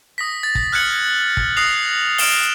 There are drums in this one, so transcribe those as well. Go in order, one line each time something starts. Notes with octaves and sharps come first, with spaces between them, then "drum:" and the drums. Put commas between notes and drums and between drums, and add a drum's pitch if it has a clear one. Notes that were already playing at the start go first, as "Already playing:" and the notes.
D#6 A#6 B6
A6
drum: kick
F6 F#6 G#6 C#7 F#7
drum: kick
D#6 F#6 A#6 C7 F7
F6 C7 D7 E7 F7 G7, drum: open hi-hat